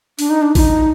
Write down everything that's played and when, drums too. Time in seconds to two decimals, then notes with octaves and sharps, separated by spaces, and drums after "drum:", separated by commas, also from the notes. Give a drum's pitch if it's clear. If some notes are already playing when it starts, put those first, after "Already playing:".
0.19 D4, drum: open hi-hat
0.30 D#4
0.42 D4
0.55 F4, drum: kick A1, open hi-hat
0.59 D#4